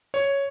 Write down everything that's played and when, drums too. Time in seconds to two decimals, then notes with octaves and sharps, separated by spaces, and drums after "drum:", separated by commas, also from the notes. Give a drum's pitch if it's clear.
0.14 C#5, drum: tambourine